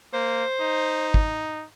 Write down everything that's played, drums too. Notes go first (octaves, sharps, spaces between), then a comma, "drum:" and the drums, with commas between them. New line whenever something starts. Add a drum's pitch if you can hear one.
A#3 C5
D#4
drum: kick